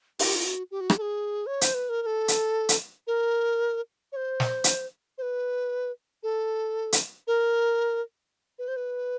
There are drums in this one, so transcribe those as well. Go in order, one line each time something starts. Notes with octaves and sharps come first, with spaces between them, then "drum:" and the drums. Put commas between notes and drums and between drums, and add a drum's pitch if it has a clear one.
G4, drum: open hi-hat
F4
F#4
G4
F#4
G4, drum: rim click
A4
G#4
C#5
C5, drum: hi-hat
B4
A#4
A#4
A4
drum: hi-hat
drum: hi-hat
A#4
C#5
C5
drum: snare
drum: hi-hat
C5
B4
A4
drum: hi-hat
A#4
B4
C5
B4